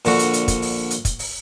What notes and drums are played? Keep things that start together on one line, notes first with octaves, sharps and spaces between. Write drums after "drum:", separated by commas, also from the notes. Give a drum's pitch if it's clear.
A#1 D3 F#4, drum: open hi-hat
drum: hi-hat
drum: hi-hat
drum: kick, hi-hat
drum: open hi-hat
drum: hi-hat
drum: kick, hi-hat
drum: open hi-hat